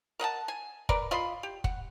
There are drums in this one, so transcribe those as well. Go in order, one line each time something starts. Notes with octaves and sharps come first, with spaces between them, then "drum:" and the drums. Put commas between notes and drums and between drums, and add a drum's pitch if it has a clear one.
A#4 D#5 F#5 A5
G#5
A#4 B4 D5, drum: kick
F4 D#5 B5 C6
G4
F#5, drum: kick